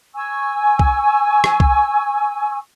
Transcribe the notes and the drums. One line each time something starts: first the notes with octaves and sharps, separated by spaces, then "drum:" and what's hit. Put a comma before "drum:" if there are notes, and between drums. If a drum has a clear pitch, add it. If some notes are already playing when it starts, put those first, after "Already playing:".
G#5 C#6 E6
drum: kick C2
drum: rim click
drum: kick C2